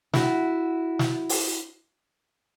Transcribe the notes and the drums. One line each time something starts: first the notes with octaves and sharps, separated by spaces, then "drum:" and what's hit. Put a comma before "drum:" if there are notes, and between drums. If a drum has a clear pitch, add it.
E4 F#4, drum: snare
drum: snare
drum: open hi-hat